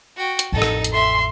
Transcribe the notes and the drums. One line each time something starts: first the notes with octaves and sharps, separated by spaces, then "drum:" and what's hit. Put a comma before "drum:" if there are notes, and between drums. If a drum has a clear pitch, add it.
F#4 G5
drum: hi-hat
A1 F2 D#4 A4
drum: rim click
drum: hi-hat
E5 C6